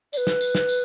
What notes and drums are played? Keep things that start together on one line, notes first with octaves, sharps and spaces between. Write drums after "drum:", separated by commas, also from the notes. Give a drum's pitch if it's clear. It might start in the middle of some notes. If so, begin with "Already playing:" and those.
D5, drum: tambourine
B4
drum: snare
drum: tambourine
drum: snare
drum: tambourine